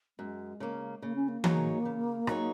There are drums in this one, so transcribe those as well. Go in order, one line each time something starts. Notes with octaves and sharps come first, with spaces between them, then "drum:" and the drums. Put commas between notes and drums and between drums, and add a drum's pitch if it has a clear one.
F#2 G#3
C#3 A#3
C#3 A#3
C#4
A#3
F#3 D#4 G#4 C#5, drum: tom E3
C#3
F#3 D#4 G#4 C#5, drum: rim click